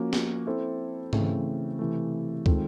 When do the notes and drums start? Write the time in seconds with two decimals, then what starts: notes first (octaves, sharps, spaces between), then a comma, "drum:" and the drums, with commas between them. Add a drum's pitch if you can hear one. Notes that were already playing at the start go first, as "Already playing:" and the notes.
Already playing: F3 A#3 C#4 F#4
0.13 drum: snare
0.47 C4 E4 A4 C5 E5
1.13 C#3 E3 A3 C4, drum: tom G#2
1.79 C3 E3 A3
2.46 D#3 G#3 C4 F4 A4, drum: kick